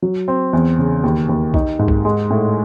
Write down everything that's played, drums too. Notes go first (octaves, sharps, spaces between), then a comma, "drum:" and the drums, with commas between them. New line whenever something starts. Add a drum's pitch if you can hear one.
F#3
C4
E2
C#3
D#2
D#2
D#4, drum: kick B1
G#2
drum: kick B1
G#3
A2